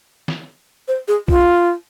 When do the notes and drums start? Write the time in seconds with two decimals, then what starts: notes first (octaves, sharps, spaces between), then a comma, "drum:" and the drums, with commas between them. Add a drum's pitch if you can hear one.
0.28 drum: snare
0.88 C5
1.08 G#4
1.28 F4, drum: kick B1